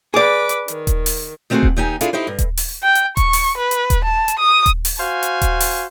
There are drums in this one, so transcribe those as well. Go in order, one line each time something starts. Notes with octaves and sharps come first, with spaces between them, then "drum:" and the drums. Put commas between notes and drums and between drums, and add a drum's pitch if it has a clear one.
G#4 B4 D5 D6
drum: hi-hat
D#3, drum: hi-hat
drum: kick D#1, hi-hat
drum: open hi-hat
D#3 A3 C4 F4 F#4 G#4
drum: kick D#1
D#2 D#4 G4 G#5
D4 E4 F4 G#4 A4, drum: hi-hat
D#4 E4 G4 C5
G2
drum: kick D#1, hi-hat
drum: open hi-hat
G5
drum: hi-hat
C#6, drum: kick D#1, hi-hat
drum: open hi-hat
B4
drum: hi-hat
drum: kick D#1, hi-hat
A5
drum: hi-hat
D#6
drum: kick D#1, hi-hat
drum: open hi-hat
F#4 C5 F5 G#5
drum: hi-hat
drum: kick D#1, hi-hat
drum: open hi-hat